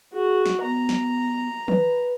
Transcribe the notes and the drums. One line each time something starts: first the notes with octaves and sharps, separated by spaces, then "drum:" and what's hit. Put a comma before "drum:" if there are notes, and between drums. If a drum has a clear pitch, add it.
F#4 G#4
drum: snare
B3 A#5
drum: snare
B4, drum: tom